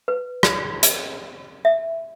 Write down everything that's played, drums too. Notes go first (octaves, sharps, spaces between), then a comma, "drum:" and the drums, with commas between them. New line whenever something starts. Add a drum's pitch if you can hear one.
B4
drum: rim click
D#5, drum: hi-hat
E5